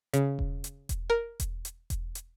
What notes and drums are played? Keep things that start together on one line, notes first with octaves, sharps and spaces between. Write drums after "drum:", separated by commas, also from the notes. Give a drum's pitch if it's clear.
C#3, drum: hi-hat
drum: kick E1
drum: hi-hat
drum: kick E1, hi-hat
A#4
drum: kick E1, hi-hat
drum: hi-hat
drum: kick E1, hi-hat
drum: hi-hat